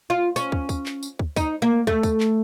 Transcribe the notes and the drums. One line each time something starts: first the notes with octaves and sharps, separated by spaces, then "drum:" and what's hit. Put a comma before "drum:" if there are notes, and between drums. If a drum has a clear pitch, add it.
F4
C#4, drum: tambourine
drum: kick
drum: kick, tambourine
drum: clap
drum: tambourine
drum: kick
D#4, drum: kick, tambourine
A#3
A3, drum: kick
drum: kick, tambourine
drum: clap